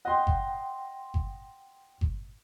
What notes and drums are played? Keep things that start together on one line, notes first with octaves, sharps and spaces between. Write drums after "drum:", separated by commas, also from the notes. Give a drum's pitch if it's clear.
D#5 F#5 G5 C6
drum: kick G1
drum: kick G1
drum: kick G1